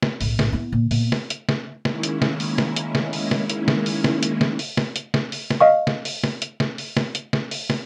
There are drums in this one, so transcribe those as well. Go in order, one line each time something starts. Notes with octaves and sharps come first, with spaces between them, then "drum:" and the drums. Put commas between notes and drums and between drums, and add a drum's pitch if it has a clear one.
drum: snare
B1 A2, drum: open hi-hat
drum: snare
B3 E4
A#2
A#2 B3, drum: open hi-hat
drum: snare
drum: hi-hat
drum: snare
D#3 G#3 A#3 C#4 E4, drum: snare
drum: hi-hat
drum: snare
drum: open hi-hat
drum: snare
drum: hi-hat
drum: snare
drum: open hi-hat
drum: snare
drum: hi-hat
drum: snare
drum: open hi-hat
drum: snare
drum: hi-hat
drum: snare
drum: open hi-hat
drum: snare
drum: hi-hat
drum: snare
drum: open hi-hat
drum: snare
D#5 F5 C#6
drum: snare
drum: open hi-hat
drum: snare
drum: hi-hat
drum: snare
drum: open hi-hat
drum: snare
drum: hi-hat
drum: snare
drum: open hi-hat
drum: snare